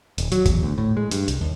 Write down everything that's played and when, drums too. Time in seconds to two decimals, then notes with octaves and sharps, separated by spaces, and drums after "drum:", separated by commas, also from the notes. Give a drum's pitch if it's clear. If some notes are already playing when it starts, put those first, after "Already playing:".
0.18 D#1, drum: hi-hat
0.32 F#3, drum: hi-hat
0.46 E2, drum: kick G1, hi-hat
0.63 D2
0.78 A2
0.97 G#3
1.11 G2, drum: hi-hat
1.28 C2, drum: hi-hat
1.41 D#2